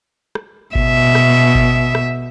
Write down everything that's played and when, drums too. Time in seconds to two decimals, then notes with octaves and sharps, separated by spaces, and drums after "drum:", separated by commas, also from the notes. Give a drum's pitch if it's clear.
0.35 drum: rim click
0.75 B2 E5, drum: kick G#1
1.15 drum: rim click
1.55 drum: kick G#1
1.95 drum: rim click